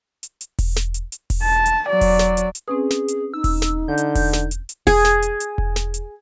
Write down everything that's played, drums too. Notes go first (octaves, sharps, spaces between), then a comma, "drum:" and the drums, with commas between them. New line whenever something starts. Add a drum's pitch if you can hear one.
drum: hi-hat
drum: hi-hat
drum: kick E1, open hi-hat
drum: snare
drum: hi-hat
drum: hi-hat
drum: kick E1, open hi-hat
A5
drum: hi-hat
F#3 D5
drum: kick E1, open hi-hat
drum: snare
drum: hi-hat
drum: hi-hat
C4 C#4 G#4 B4
drum: snare
drum: hi-hat
D#4 E6
drum: kick E1, open hi-hat
drum: snare
D3 G6
drum: hi-hat
drum: kick E1, open hi-hat
drum: snare
drum: hi-hat
drum: hi-hat
G#4, drum: kick E1, open hi-hat
drum: snare
drum: hi-hat
drum: hi-hat
drum: kick E1
drum: snare
drum: hi-hat